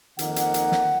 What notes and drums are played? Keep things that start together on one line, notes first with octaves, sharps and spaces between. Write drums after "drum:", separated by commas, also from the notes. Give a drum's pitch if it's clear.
F2 D#3 A#3 D#4 F#5, drum: hi-hat
drum: hi-hat
drum: hi-hat
drum: snare